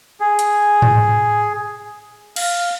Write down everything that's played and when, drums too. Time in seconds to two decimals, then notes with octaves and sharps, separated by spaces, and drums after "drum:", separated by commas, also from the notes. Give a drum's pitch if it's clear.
0.20 G#4
0.39 drum: hi-hat
0.82 drum: tom G#2
2.36 F5, drum: cymbal